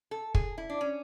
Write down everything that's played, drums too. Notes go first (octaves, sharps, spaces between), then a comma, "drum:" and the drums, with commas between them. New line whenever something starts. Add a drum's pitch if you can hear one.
A4
G#4, drum: kick
E4
D4
C#4